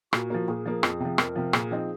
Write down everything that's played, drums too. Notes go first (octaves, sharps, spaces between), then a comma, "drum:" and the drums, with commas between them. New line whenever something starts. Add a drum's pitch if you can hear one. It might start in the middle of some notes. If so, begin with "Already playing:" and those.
A#2 F#4, drum: rim click
F3 A#3
A#2 G#4
F3 A#3
F2, drum: rim click
C3 F3
F2 A#4, drum: rim click
C3 F3
A#2 G#4, drum: rim click
F3 C4 D#4